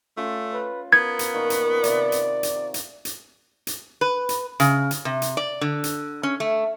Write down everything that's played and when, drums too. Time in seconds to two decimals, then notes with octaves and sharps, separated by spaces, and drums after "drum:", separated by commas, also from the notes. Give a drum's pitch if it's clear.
0.17 A3 C#4 F4
0.53 B4
0.93 B3 A#4 G#6
1.19 drum: hi-hat
1.34 A#2 D#3 C#6
1.50 drum: hi-hat
1.84 C3 D5, drum: hi-hat
2.12 drum: hi-hat
2.43 drum: hi-hat
2.74 drum: hi-hat
3.05 drum: hi-hat
3.67 drum: hi-hat
4.01 B4
4.29 drum: hi-hat
4.60 C#3, drum: hi-hat
4.91 drum: hi-hat
5.05 C3
5.22 drum: hi-hat
5.37 D5
5.61 D3
5.84 drum: hi-hat
6.23 C#4
6.40 A3